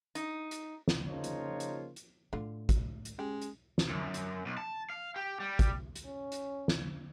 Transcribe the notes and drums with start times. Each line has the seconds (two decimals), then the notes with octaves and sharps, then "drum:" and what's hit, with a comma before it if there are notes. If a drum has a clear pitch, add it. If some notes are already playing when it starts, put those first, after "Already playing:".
0.15 D#4, drum: hi-hat
0.51 drum: hi-hat
0.88 drum: snare
1.08 C#3 F3 A#3 D#4 F4 C#5
1.24 drum: hi-hat
1.60 drum: hi-hat
1.96 drum: hi-hat
2.33 A2 D3 F4
2.69 drum: kick, hi-hat
3.05 drum: hi-hat
3.19 G#3 C#4 G4
3.42 drum: hi-hat
3.78 drum: snare
3.89 F#2
4.14 drum: hi-hat
4.46 B1
4.58 A5
4.90 F5
5.16 G4
5.40 G3
5.59 drum: kick, hi-hat
5.96 drum: hi-hat
6.05 C#4
6.32 drum: hi-hat
6.68 drum: snare